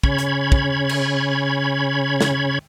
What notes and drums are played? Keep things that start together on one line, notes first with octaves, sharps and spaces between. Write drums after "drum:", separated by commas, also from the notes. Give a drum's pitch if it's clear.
C#3 C#4 C#5 B5 G#6, drum: kick
drum: hi-hat
drum: kick
drum: cymbal
drum: snare